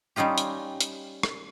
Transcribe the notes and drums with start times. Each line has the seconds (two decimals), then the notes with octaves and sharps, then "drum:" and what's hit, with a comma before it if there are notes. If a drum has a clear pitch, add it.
0.16 G3 C#4 D#4 F4 G4
0.38 drum: hi-hat
0.81 drum: hi-hat
1.23 drum: rim click